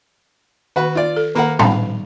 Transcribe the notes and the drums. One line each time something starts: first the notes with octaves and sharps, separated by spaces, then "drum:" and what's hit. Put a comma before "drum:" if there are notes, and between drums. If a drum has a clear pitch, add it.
D#3 F#4 B4
F4 D5
A4
D#3 A#3 A#4 F#5 A#5 B5
G3 D#4 F5 B5, drum: tom A2